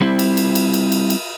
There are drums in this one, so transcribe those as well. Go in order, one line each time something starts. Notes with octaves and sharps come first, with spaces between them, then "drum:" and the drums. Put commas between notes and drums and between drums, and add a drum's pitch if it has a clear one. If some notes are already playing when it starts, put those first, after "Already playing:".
G3 C4 E4
drum: cymbal
drum: cymbal
drum: cymbal
drum: cymbal
drum: cymbal
drum: cymbal